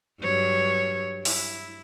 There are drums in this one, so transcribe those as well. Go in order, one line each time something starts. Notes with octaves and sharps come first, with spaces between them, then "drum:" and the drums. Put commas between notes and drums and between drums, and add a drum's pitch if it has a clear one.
G2 F#3 C#5
E4, drum: open hi-hat